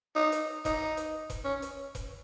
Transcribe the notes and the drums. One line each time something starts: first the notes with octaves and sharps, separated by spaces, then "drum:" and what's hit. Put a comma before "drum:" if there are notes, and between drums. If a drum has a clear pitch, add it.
D#4
drum: hi-hat
D#4, drum: kick E1, hi-hat
drum: hi-hat
drum: kick E1, hi-hat
C#4
drum: hi-hat
drum: kick E1, hi-hat